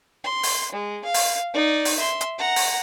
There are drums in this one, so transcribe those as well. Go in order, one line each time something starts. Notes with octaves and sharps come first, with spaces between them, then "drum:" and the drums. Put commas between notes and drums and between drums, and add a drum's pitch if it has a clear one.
C6
drum: open hi-hat
G#3
F5
drum: open hi-hat
D#4 D5
drum: open hi-hat
E5 C6
drum: hi-hat
F#5 A#5
drum: open hi-hat